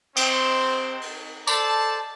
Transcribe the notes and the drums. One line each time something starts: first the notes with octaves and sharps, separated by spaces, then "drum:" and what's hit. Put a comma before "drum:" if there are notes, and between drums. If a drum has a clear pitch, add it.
C4, drum: cymbal
drum: open hi-hat
A4 C5 D5 A5, drum: tambourine